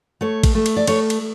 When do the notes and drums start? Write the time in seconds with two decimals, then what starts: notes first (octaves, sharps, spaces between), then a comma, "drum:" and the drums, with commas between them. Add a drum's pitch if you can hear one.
0.21 A3 C#5
0.44 drum: kick A1, cymbal
0.55 A3
0.66 drum: cymbal
0.76 D5
0.87 A3 C#5, drum: cymbal
1.10 drum: cymbal